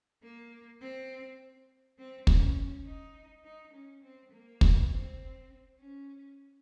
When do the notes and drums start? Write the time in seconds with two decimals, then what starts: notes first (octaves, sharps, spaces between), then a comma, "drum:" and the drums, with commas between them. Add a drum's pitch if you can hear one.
0.23 A#3
0.81 C4
1.98 C4
2.27 C#4, drum: kick
2.86 D#4
3.44 D#4
3.73 C#4
4.03 C4
4.32 A#3
4.61 drum: kick
4.91 C4
5.78 C#4